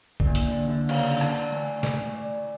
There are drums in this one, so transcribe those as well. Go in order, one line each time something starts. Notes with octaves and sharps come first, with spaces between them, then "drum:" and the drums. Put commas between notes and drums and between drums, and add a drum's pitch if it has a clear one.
D3, drum: kick
E3 A#3
drum: hi-hat
D3
A#3
D3
C#3 F5, drum: cymbal
D3
A5, drum: rim click
D3
E3 A3
A3, drum: snare
D5